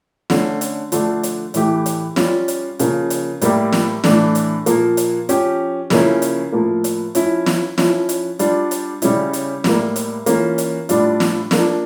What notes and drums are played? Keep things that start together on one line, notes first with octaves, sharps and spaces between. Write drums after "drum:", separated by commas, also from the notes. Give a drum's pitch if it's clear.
D3 A3 C#4, drum: snare
drum: hi-hat
D3 F3 A3 D4, drum: hi-hat
drum: hi-hat
A2 E3 A3 E4 G4, drum: hi-hat
drum: hi-hat
G3 C#4 F4, drum: snare
drum: hi-hat
C#3 F3 A#3, drum: hi-hat
drum: hi-hat
A2 G3 A#3 E4 G4, drum: hi-hat
drum: snare
A2 E3 A3 D4, drum: snare
drum: hi-hat
A#2 F3 A#3, drum: hi-hat
drum: hi-hat
F3 C#4 G4, drum: hi-hat
C#3 F3 A#3 C#4 E4, drum: snare
drum: hi-hat
A2 F3 A#3
drum: hi-hat
F3 C#4 E4, drum: hi-hat
drum: snare
F3 C#4 E4, drum: snare
drum: hi-hat
G3 D4 F4, drum: hi-hat
drum: hi-hat
C#3 G3 C#4 E4, drum: hi-hat
drum: hi-hat
A2 G3 A#3, drum: snare
drum: hi-hat
E3 A#3 C#4 F4, drum: hi-hat
drum: hi-hat
A2 G3 D4 F4, drum: hi-hat
drum: snare
F3 A#3 D4, drum: snare